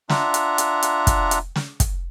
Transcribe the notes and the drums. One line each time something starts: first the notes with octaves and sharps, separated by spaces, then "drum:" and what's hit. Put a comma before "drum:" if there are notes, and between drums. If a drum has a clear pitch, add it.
D4 F4 E5 F#5 A#5, drum: snare
drum: hi-hat
drum: hi-hat
drum: hi-hat
drum: kick, hi-hat
drum: hi-hat
drum: snare
drum: kick, hi-hat